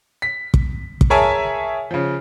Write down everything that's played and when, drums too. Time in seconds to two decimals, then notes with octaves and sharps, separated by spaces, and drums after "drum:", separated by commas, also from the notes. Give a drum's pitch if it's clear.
0.22 B6
0.54 drum: kick
1.01 drum: kick
1.10 G#4 A#4 C#5 E5 G#5 A5
1.91 C#3 F3